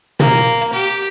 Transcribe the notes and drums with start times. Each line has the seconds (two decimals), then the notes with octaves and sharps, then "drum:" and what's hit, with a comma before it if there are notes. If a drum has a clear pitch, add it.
0.20 A#3, drum: tom
0.73 G4